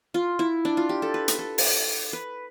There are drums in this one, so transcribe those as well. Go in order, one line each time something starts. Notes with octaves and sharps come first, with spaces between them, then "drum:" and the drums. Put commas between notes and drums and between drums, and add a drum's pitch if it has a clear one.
F4
E4
D4
F4
G4
A4
B4
drum: hi-hat
A4
drum: open hi-hat
B4